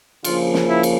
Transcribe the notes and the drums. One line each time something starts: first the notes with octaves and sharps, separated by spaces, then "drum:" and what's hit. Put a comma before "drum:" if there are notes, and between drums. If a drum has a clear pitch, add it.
C#3 F3 A#3 F4, drum: cymbal
drum: snare
E4
drum: cymbal